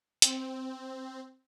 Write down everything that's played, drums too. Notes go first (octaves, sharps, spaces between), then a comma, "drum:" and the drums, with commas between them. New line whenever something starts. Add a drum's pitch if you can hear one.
C4, drum: hi-hat